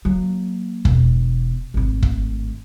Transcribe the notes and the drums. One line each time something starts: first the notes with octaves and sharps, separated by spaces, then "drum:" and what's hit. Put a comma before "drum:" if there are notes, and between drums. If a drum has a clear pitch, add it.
F#3 A#3
E1, drum: kick
G#1 A2
drum: kick